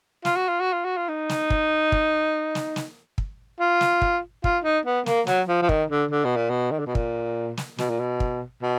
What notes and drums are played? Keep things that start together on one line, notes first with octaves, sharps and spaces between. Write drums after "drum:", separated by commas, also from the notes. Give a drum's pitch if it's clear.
F4, drum: snare
F#4
F4
F#4
F4
F#4
F4
D#4
drum: snare
drum: kick
drum: kick
drum: snare
drum: snare
drum: kick
F4
drum: snare
drum: kick
F4, drum: kick
D#4
B3
A#3, drum: snare
F#3, drum: snare
F3
F3
D#3, drum: kick
D3
D3
B2
A#2
B2
D#3
D3
B2
A#2, drum: kick
drum: snare
B2, drum: snare
A#2
B2
drum: kick
B2